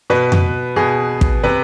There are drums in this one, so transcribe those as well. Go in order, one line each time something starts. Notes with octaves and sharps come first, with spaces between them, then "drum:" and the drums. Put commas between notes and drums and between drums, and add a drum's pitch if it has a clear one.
B2 B4
drum: tom F2
B2 G#4
drum: kick
C3 B4